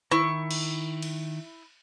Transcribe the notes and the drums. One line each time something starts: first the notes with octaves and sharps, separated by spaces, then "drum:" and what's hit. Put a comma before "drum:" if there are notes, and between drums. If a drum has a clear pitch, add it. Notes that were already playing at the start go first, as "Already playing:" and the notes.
D#3 E4 C#6, drum: rim click
drum: cymbal
drum: cymbal